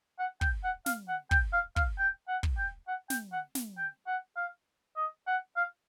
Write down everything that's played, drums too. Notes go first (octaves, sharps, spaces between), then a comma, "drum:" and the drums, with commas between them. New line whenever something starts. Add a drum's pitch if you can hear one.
F#5
G5, drum: kick
F#5
F5, drum: snare
F#5
G5, drum: kick
F5
F5, drum: kick
G5
F#5
drum: kick
G5
F#5
G5, drum: snare
F#5
drum: snare
G5
F#5
F5
D#5
F#5
F5